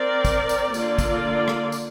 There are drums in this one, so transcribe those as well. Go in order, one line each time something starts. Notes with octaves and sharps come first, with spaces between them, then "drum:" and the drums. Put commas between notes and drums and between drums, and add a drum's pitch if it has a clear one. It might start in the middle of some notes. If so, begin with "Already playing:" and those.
Already playing: C4 A#4 D5
drum: kick, tambourine
drum: tambourine
D3 A#3 F4 D5, drum: tambourine
drum: kick, tambourine
drum: rim click
drum: tambourine